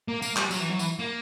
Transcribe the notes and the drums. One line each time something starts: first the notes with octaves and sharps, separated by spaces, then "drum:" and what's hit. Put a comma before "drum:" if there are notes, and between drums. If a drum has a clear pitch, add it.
A#3
A#3, drum: tambourine
G3, drum: clap
F#3, drum: tambourine
E3
F#3
E3, drum: tambourine
A#3